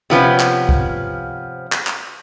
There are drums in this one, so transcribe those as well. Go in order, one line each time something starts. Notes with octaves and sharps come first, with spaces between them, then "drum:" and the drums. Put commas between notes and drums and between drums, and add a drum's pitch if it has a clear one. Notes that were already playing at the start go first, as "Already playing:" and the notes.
C3 F3 B3 C#4
drum: clap
drum: kick
drum: clap
drum: clap